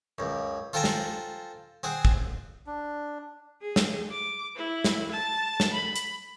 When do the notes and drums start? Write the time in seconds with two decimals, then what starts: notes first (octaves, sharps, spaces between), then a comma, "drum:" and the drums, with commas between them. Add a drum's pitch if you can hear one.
0.18 C#2 F#2
0.73 F4 A4 C5 G5 G#5 A#5
0.84 drum: snare
1.83 C4 G#4 F#5
2.05 drum: kick
2.66 D4
3.62 G#4
3.76 drum: snare
4.11 D6
4.55 E4
4.84 drum: snare
5.11 A5
5.60 drum: snare
5.73 B5
5.96 drum: hi-hat